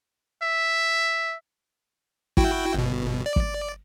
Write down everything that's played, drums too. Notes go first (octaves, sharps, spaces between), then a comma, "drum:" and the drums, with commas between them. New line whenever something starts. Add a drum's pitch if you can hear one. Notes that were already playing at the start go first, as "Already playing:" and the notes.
E5
E4 F#4 G5, drum: kick
G1 B2
D5
drum: kick